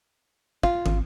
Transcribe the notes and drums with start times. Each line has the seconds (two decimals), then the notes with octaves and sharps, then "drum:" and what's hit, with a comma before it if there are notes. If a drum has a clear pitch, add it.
0.63 F4, drum: kick
0.86 G#1, drum: tom